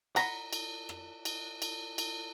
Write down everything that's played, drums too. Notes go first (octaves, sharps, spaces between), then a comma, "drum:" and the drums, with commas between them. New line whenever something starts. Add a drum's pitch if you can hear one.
F#5 A#5 B5, drum: cymbal
drum: cymbal
drum: rim click
drum: cymbal
drum: cymbal
drum: cymbal